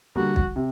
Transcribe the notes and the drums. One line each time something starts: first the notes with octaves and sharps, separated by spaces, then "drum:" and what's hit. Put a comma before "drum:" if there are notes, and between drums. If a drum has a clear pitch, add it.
D3 G3 A#3 F#4
drum: kick
C3